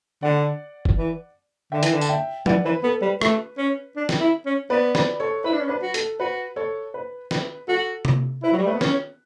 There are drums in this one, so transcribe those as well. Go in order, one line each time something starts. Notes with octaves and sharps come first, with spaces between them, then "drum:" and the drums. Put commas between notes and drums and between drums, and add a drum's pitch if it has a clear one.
D3 D5 F#5
drum: kick
E3
D3 E5 G5
E3, drum: hi-hat
D3
A5, drum: tambourine
E5 G5
E3 D5 F#5, drum: tom
E3 B4
B3 A4
G3 B4
A3, drum: rim click
C#4
D4
drum: snare
E4
C#4
B3 B4 D5
B4 D5, drum: snare
A4 C#5
E4 B4
D4
C#4
D4 B4
F#4
A4, drum: hi-hat
F#4 B4
A4 C#5
B4
B4, drum: snare
F#4 A4
drum: tom C3
E4 B4
F#3
G3
A3 B4
B3
C#4, drum: snare